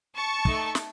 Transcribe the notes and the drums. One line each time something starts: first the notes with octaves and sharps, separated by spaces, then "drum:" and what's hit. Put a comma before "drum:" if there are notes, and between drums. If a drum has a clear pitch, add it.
A5 C#6
A3 D#4 A4, drum: kick
drum: snare